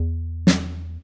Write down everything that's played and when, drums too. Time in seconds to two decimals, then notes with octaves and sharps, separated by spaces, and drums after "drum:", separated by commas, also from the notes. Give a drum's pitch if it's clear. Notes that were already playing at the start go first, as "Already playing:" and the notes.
Already playing: E2
0.47 drum: snare